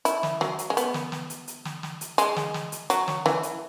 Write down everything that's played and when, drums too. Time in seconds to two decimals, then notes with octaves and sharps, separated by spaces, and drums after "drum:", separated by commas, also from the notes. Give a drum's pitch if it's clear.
0.05 E4, drum: hi-hat
0.23 drum: snare
0.41 F#3, drum: snare
0.59 drum: hi-hat
0.70 G#3
0.77 B3, drum: hi-hat
0.94 drum: snare
1.12 drum: snare
1.30 drum: hi-hat
1.48 drum: hi-hat
1.65 drum: snare
1.83 drum: snare
2.01 drum: hi-hat
2.18 G#3, drum: hi-hat
2.36 drum: snare
2.54 drum: snare
2.72 drum: hi-hat
2.90 F#3, drum: hi-hat
3.08 drum: snare
3.26 E3, drum: snare
3.43 drum: hi-hat